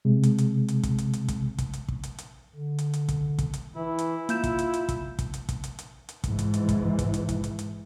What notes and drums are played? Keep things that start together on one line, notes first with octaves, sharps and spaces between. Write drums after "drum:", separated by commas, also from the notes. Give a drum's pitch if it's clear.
C3 G#3
drum: hi-hat
drum: hi-hat
drum: hi-hat
drum: kick, hi-hat
drum: hi-hat
drum: hi-hat
drum: kick, hi-hat
drum: kick, hi-hat
drum: hi-hat
drum: kick
drum: hi-hat
drum: hi-hat
D3
drum: hi-hat
drum: hi-hat
drum: kick, hi-hat
drum: kick, hi-hat
drum: hi-hat
E3 E4
drum: hi-hat
A#3 F4 G6 E7, drum: hi-hat
drum: kick, hi-hat
drum: hi-hat
drum: hi-hat
drum: kick, hi-hat
drum: kick, hi-hat
drum: hi-hat
drum: kick, hi-hat
drum: hi-hat
drum: hi-hat
drum: hi-hat
G#2 E3, drum: kick, hi-hat
drum: hi-hat
drum: hi-hat
drum: kick, hi-hat
drum: kick, hi-hat
drum: hi-hat
drum: kick, hi-hat
drum: hi-hat
drum: hi-hat